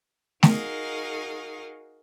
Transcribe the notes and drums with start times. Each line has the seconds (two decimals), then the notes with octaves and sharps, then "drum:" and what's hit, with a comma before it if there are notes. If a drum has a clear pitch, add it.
0.43 D#4 F#4 G#4 A#4 D#5 F5, drum: snare A3